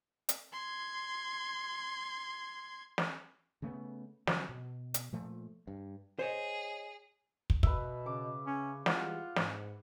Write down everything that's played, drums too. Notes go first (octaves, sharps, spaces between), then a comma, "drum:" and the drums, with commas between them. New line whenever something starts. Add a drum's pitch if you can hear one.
drum: hi-hat
C6 G#6
drum: snare
C#3 A3 B3
D3 F3 F#3, drum: snare
B2
drum: hi-hat
A#2 F3 A3
G2
G#4 C5 C#5 D#5
drum: kick
B2 B4 E5, drum: kick
C#3 D6
C#4
E3 G3 G#3 F4 F#5, drum: snare
G#2, drum: snare